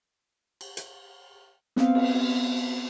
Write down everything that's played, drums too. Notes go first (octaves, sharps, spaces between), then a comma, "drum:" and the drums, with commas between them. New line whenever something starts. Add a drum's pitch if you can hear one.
drum: cymbal
drum: hi-hat
B3 C4 F5, drum: snare
drum: cymbal